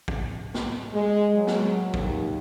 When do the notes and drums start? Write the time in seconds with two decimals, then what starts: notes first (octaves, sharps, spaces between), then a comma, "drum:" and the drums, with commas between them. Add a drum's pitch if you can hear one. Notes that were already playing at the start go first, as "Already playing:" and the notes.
0.08 drum: kick
0.54 drum: snare
0.93 G#3
1.34 F#3
1.47 drum: snare
1.94 D#2, drum: kick